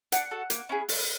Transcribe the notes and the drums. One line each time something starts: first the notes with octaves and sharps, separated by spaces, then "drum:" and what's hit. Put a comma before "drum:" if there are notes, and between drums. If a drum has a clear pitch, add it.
D4 F#5, drum: hi-hat
F#4 A4
A#3, drum: hi-hat
C#4 E4 G#4
A3, drum: open hi-hat